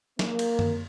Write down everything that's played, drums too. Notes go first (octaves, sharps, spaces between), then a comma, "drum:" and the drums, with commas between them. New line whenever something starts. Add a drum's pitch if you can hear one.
A#3, drum: snare
drum: cymbal
drum: tom F#2